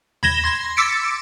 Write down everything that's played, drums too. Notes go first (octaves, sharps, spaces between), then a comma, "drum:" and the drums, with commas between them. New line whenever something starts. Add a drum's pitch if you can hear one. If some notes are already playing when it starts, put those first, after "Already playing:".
B5 G#6 A#6 E7 G7, drum: tom D#2
C6 G#6 A#6
D6 E6 A6 B6 C#7 D7